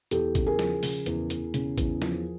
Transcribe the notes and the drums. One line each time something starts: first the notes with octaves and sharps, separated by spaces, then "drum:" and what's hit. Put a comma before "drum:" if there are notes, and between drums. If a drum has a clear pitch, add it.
E2 G4 A4, drum: hi-hat
C#3, drum: kick A1, hi-hat
G#4 A#4
F3, drum: snare
C#3, drum: open hi-hat
E2, drum: hi-hat
E2, drum: hi-hat
C#3, drum: hi-hat
E2, drum: kick A1, hi-hat
F3, drum: snare